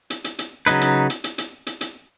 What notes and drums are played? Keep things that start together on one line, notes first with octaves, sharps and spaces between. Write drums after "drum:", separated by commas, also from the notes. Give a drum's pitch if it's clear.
drum: hi-hat
drum: hi-hat
drum: hi-hat
C#3 F#3 D#4 B4, drum: hi-hat
drum: hi-hat
drum: hi-hat
drum: hi-hat
drum: hi-hat
drum: hi-hat
drum: hi-hat